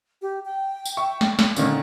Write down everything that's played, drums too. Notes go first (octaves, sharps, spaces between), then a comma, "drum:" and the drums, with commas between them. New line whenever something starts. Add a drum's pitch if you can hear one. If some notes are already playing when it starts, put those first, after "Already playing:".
G4
G5
drum: tambourine
E5 C#6
drum: snare
drum: snare
A#2 D3 D#3 C#4, drum: tambourine